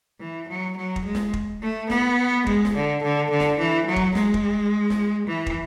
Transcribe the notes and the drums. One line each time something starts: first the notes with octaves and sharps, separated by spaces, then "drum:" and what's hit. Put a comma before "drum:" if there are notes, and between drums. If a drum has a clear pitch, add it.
E3
F#3
F#3
drum: kick
G#3
drum: snare
drum: kick
A3
B3, drum: snare
G#3, drum: kick
drum: snare
D3
D3
D3
drum: snare
E3
F#3
drum: kick
G#3, drum: snare
drum: kick
drum: snare
E3
drum: kick